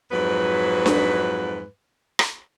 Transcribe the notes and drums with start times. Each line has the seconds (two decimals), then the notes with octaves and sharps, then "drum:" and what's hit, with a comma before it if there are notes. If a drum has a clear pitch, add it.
0.12 F2 G#2 F#3 B4
0.86 drum: snare D4
2.19 drum: rim click